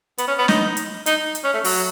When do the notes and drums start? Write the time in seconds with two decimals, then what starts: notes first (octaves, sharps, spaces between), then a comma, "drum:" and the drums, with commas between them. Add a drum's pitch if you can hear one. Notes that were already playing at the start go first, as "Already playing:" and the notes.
0.18 B3, drum: hi-hat
0.28 C#4
0.38 B3
0.48 D#4, drum: snare
0.77 drum: hi-hat
1.06 D#4, drum: hi-hat
1.35 drum: hi-hat
1.44 C#4
1.54 A3
1.64 F#3, drum: open hi-hat